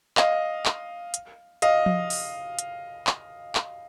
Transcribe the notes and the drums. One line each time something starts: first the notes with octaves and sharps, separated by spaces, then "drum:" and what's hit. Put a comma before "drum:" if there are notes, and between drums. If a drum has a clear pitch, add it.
D#5 F5, drum: clap
drum: clap
drum: hi-hat
D#5 F5, drum: hi-hat
drum: tom F3
drum: open hi-hat
drum: hi-hat
drum: clap
drum: clap